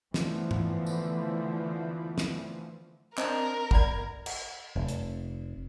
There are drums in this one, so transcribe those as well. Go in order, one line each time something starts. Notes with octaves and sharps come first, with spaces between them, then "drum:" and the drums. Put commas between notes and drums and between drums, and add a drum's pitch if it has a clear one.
D3 E3 F3 A3 B3, drum: snare
drum: tom G#2
drum: tambourine
drum: snare
C4 D4 A#4 D#5 A5, drum: clap
G1 D5 F#5 B5 G#6, drum: kick
drum: cymbal
F1
drum: hi-hat